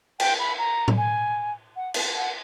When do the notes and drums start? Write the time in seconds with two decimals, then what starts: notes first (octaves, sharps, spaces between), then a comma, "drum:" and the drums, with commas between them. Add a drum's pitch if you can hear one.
0.20 G5, drum: cymbal
0.39 B5
0.58 A#5
0.88 drum: tom A2
0.98 G#5
1.76 F#5
1.94 drum: cymbal
2.16 F#5